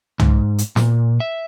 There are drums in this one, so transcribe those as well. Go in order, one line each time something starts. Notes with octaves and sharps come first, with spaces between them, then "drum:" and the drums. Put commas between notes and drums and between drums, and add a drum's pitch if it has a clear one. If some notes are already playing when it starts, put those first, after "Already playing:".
G#2, drum: tom
drum: hi-hat
A#2, drum: snare
E5